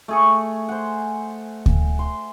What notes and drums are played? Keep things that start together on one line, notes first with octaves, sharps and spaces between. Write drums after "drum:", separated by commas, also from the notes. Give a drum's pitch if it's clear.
A3 G#4 C#6
C5 F#5
drum: kick D2
C6